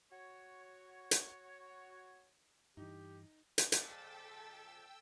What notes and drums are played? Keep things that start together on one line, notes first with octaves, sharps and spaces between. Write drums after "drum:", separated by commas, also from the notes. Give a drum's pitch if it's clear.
F#4 C#5
drum: hi-hat
G2 E3 D#4 G4
drum: hi-hat
F2 A#2 G#3 A4 G5 E6 A6 B6, drum: hi-hat